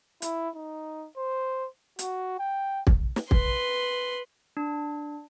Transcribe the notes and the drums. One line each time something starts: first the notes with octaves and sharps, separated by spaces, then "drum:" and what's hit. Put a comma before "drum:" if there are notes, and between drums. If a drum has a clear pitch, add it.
E4, drum: hi-hat
D#4
C5
F#4, drum: hi-hat
G5
drum: kick
drum: snare
B4 C6, drum: kick
D4